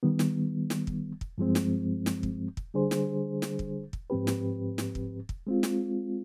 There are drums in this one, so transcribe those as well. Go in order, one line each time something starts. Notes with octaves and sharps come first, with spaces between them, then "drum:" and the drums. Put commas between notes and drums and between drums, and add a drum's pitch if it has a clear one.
D#3 G3 B3
drum: snare
drum: snare
drum: kick
drum: kick
G2 F3 G#3 C4
drum: snare
drum: snare
drum: kick
drum: kick
D3 G3 D4 G#4 C5
drum: snare
drum: snare
drum: kick
drum: kick
G#2 F3 C4 G4 B4
drum: snare
drum: snare
drum: kick
drum: kick
G#3 C4 F4
drum: snare